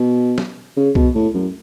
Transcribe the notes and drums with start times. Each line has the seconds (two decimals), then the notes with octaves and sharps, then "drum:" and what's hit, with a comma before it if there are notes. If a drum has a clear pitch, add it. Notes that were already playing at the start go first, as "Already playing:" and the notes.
Already playing: B2
0.38 drum: snare
0.77 C#3
0.95 B2, drum: kick C2
1.15 A2
1.34 F#2